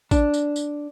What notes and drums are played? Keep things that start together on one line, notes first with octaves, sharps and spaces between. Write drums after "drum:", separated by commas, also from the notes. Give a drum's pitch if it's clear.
D4, drum: kick, tambourine
drum: tambourine
drum: tambourine